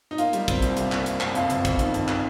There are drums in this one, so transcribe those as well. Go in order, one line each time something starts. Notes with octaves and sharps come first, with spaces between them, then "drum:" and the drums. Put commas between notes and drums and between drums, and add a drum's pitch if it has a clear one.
D#4
A#3 F4, drum: hi-hat
G3, drum: hi-hat
C3, drum: kick, hi-hat
C2, drum: hi-hat
G3, drum: hi-hat
A#3, drum: clap
A#3, drum: hi-hat
C2, drum: clap
F2 F4, drum: hi-hat
G1, drum: hi-hat
G1, drum: kick, hi-hat
D#3, drum: hi-hat
F2, drum: hi-hat
D#3, drum: clap